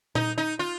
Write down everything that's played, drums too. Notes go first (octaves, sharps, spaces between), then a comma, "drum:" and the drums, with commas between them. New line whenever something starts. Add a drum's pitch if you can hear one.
D#4, drum: tom A#2
D#4
F4